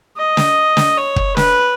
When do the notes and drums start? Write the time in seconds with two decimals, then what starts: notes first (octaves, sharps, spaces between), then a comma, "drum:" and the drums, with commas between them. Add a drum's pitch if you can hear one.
0.17 D#5
0.37 drum: snare
0.77 drum: snare
0.97 C#5
1.16 drum: kick
1.37 B4, drum: snare